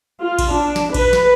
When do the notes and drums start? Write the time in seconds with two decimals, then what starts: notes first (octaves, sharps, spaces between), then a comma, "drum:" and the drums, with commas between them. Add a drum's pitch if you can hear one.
0.22 F4
0.39 drum: kick A#1, cymbal
0.54 D4
0.76 drum: snare
0.94 B4, drum: kick A#1, cymbal
1.13 drum: snare